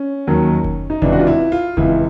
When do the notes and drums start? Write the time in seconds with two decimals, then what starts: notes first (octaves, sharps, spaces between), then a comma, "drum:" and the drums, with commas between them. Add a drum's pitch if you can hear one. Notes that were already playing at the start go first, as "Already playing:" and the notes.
Already playing: C#4
0.27 D#2 D#3 F#3
0.64 drum: kick F1
0.90 D#4
1.02 C#2 C3 E3 D4, drum: kick F1
1.12 F#4
1.20 F4
1.27 E4
1.52 F4
1.77 C#2 C3 E3 E4, drum: kick F1